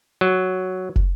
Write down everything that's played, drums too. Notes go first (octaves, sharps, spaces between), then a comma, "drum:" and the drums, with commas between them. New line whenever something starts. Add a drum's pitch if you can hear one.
F#3
drum: kick